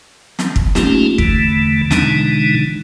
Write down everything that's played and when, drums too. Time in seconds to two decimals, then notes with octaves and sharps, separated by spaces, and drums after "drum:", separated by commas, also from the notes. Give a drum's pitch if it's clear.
0.39 drum: snare
0.56 drum: kick
0.75 A3 A#3 C#4 D#4 F4 G4, drum: snare
1.18 E2 D3 E3 A3, drum: kick
1.91 B2 D3 E3 G#3 D4 D#4, drum: snare